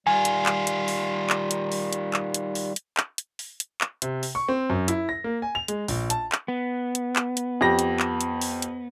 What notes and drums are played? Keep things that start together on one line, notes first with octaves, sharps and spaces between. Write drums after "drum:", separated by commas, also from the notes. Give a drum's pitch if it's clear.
D#3 G3 F4 G#5
drum: hi-hat
drum: clap
drum: hi-hat
drum: open hi-hat
drum: clap
drum: hi-hat
drum: open hi-hat
drum: hi-hat
drum: clap
drum: hi-hat
drum: open hi-hat
drum: hi-hat
drum: clap
drum: hi-hat
drum: open hi-hat
drum: hi-hat
drum: clap
C3, drum: hi-hat
drum: open hi-hat
C#6
C4
F#2
E4, drum: hi-hat
A#6
A#3
G#5
F7
G#3, drum: hi-hat
A#1, drum: open hi-hat
A5, drum: hi-hat
drum: clap
B3
drum: hi-hat
drum: clap
drum: hi-hat
F2 G4 A#6
drum: hi-hat
drum: clap
drum: hi-hat
drum: open hi-hat
drum: hi-hat